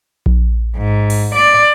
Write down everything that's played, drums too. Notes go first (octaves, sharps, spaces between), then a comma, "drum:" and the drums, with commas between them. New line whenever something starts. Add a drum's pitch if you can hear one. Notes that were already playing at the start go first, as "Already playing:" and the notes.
drum: kick A#1
G#2
drum: cymbal
D5